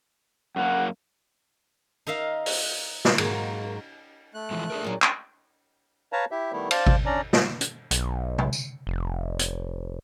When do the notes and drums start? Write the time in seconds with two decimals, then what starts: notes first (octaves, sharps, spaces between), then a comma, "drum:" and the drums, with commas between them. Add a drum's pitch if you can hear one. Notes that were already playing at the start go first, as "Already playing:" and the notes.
0.56 F#2 A#3 C#4 F#5
2.07 D#4 A#4 E5 F5
2.46 drum: open hi-hat
3.05 drum: snare
3.18 G#2 F#3 A#3, drum: cymbal
4.34 A3 F#6
4.51 E3 F3 G#3
4.70 D4 G#4 A#4
4.84 A#2 F#3
5.02 drum: clap
6.13 B4 C#5 F5 A5 A#5
6.31 E4 G4 E5
6.52 D#3 G3 A3 B3 E4
6.71 C5 D5 F5 A5, drum: cymbal
6.87 drum: kick G#1
7.06 C#4 D4 D5 A#5
7.33 drum: snare
7.61 drum: hi-hat
7.91 B1, drum: hi-hat
8.38 drum: tom C3
8.53 drum: tambourine
8.87 F1
9.39 drum: hi-hat